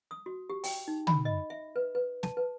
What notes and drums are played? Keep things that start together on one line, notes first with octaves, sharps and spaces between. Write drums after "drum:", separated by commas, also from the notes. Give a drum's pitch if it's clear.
D#6
F#4
G4
G5, drum: open hi-hat
D#4
B5, drum: tom
D#5
E5
B4
B4
A5, drum: snare
B4